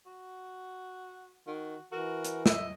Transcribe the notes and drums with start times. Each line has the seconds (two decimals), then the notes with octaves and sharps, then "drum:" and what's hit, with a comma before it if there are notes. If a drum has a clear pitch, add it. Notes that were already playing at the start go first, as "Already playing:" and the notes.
0.06 F#4
1.47 D#3 F#4
1.92 E3 F#4 A#4
2.25 drum: hi-hat
2.46 D#5 E5, drum: snare